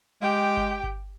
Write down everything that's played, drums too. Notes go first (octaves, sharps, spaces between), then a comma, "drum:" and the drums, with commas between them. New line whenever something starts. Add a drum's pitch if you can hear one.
G#3 G4 G5
drum: kick G1
drum: kick G1